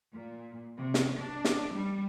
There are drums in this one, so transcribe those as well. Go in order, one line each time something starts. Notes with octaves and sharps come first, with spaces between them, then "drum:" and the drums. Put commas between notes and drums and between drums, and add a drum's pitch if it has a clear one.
A#2
C3
drum: snare
D4
drum: snare
G3